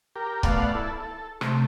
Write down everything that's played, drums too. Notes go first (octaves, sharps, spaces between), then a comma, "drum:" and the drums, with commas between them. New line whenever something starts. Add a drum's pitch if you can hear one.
G4 A#4
A3 B3 D5 F5 F#5, drum: kick
E4 A4
A4
C3 A3, drum: rim click